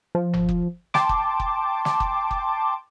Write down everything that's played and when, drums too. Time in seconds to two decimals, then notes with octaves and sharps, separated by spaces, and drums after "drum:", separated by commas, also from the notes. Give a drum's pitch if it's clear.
0.15 F3
0.33 drum: tom F#1
0.49 drum: kick
0.94 G5 A5 C6 D6, drum: snare
1.09 drum: kick
1.40 drum: kick
1.85 drum: snare
2.00 drum: kick
2.31 drum: kick